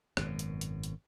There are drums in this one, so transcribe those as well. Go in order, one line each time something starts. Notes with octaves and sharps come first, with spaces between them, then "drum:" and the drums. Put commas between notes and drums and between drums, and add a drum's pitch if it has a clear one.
G#1 F#2 B2, drum: rim click
drum: hi-hat
drum: hi-hat
drum: hi-hat